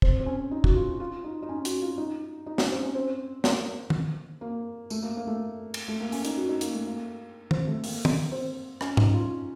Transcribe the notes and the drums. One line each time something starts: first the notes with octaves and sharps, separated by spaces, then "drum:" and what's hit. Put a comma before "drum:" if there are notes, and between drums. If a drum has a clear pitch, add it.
C4, drum: kick
C4
C#4
D#4
F#4, drum: kick
F4
F4
D#4
D#4
C#4
F#4, drum: hi-hat
F4
D#4
D#4
C#4, drum: snare
C4
C#4
C4
A#3, drum: snare
drum: tom
A#3
A3, drum: tambourine
A#3
A#3
A3
drum: cymbal
A3
A#3
C#4, drum: open hi-hat
D#4, drum: hi-hat
F#4
D#4
A#3, drum: hi-hat
A3
A#3
C4, drum: tom
A3
A#3, drum: open hi-hat
drum: tom
C4
C#4, drum: rim click
D#4, drum: tom
F4